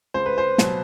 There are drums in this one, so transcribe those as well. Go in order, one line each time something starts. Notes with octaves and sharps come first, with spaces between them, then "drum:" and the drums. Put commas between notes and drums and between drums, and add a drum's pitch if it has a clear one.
C#2 C5
B4
C5
B2 F#3, drum: snare